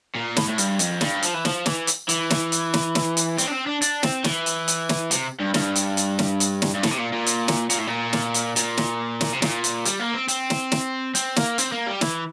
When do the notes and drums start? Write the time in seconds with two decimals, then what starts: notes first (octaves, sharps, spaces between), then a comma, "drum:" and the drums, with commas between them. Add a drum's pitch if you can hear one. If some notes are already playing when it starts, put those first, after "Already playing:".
0.15 A#2
0.37 A2, drum: snare
0.48 A2
0.58 G2, drum: hi-hat
0.79 F2, drum: hi-hat
1.01 G2, drum: snare
1.23 F3, drum: hi-hat
1.34 E3
1.45 F3, drum: snare
1.66 E3, drum: snare
1.87 drum: hi-hat
2.09 E3, drum: hi-hat
2.30 drum: snare
2.52 drum: hi-hat
2.74 drum: snare
2.95 drum: snare
3.17 drum: hi-hat
3.38 C4, drum: hi-hat
3.47 D4
3.53 C4
3.67 D4
3.82 D4, drum: hi-hat
4.03 C4, drum: snare
4.24 E3, drum: snare
4.46 drum: hi-hat
4.68 drum: hi-hat
4.89 drum: snare
5.11 C3, drum: hi-hat
5.40 G2
5.54 G2, drum: snare
5.76 drum: hi-hat
5.97 drum: hi-hat
6.19 drum: snare
6.40 drum: hi-hat
6.62 drum: snare
6.75 G2
6.83 A2, drum: snare
6.91 C3
6.98 A#2
7.12 A#2
7.26 drum: hi-hat
7.48 drum: snare
7.70 A#2, drum: hi-hat
7.78 A2
7.87 A#2
8.13 drum: snare
8.34 drum: hi-hat
8.56 A#2, drum: hi-hat
8.77 drum: snare
9.21 drum: snare
9.33 C3
9.42 A#2, drum: snare
9.64 drum: hi-hat
9.85 G3, drum: hi-hat
10.00 A#3
10.14 C4
10.28 C4, drum: hi-hat
10.50 drum: snare
10.72 drum: snare
11.15 C4, drum: hi-hat
11.36 A#3, drum: snare
11.58 C4, drum: hi-hat
11.72 A#3
11.87 G3
12.01 E3, drum: snare